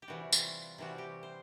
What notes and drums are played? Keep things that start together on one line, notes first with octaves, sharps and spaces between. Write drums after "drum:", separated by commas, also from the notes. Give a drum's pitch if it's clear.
G4
C3 E3 G3 F#4
F4, drum: tambourine
C3 E3 G3 F#4
G4
C5